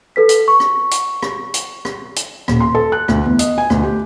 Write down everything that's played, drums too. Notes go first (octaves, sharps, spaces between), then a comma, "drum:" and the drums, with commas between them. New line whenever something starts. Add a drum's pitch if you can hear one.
A4 B4 B6
drum: hi-hat
C#6
drum: rim click
drum: hi-hat
drum: rim click
drum: hi-hat
drum: rim click
drum: hi-hat
D#1, drum: rim click
C6
A4
F#6
D2, drum: rim click
E2
D#5, drum: hi-hat
G#5
D2, drum: rim click
G4